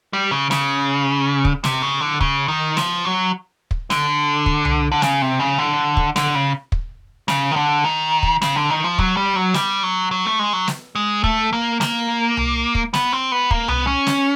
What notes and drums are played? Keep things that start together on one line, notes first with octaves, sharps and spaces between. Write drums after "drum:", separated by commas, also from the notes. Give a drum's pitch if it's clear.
G3
C#3
C#3, drum: snare
drum: kick
C3, drum: snare
C#3
D3
C#3, drum: kick
D#3
F3, drum: snare
F#3
drum: kick
D3, drum: snare
drum: kick
drum: tom C2
D3
C#3, drum: snare
C3
C#3
D3
drum: kick
D3, drum: snare
C#3
drum: kick
C#3, drum: snare
D#3
D3
D#3
drum: kick
C#3, drum: snare
D3
D#3
F3
F#3, drum: kick
G3
F#3
G3, drum: snare
F#3
F#3
A3
G#3
F#3
drum: snare
G#3
A3, drum: kick
A#3
A#3, drum: snare
drum: tom C2
drum: kick
B3, drum: snare
C4
B3
A#3, drum: kick
B3, drum: tom C2
C#4
drum: snare